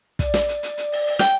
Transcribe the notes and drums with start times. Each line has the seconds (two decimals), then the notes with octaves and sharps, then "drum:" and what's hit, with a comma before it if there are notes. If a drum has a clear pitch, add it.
0.19 D5, drum: kick, hi-hat
0.34 drum: snare
0.48 drum: hi-hat
0.63 drum: hi-hat
0.78 drum: hi-hat
0.92 drum: open hi-hat
1.07 drum: open hi-hat
1.19 G5, drum: snare